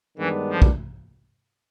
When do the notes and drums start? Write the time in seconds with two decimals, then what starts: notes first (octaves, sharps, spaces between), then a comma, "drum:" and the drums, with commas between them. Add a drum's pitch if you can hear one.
0.18 G2 D#3 E3 G#3 B3 D4
0.50 F3
0.62 drum: kick